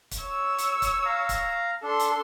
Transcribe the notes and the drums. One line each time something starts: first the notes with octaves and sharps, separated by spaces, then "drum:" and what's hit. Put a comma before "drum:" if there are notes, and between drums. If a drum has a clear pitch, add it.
drum: kick, hi-hat
C#5 E6
drum: hi-hat
drum: kick, hi-hat
F5 A#5
drum: kick, hi-hat
D4 A4 C6
drum: hi-hat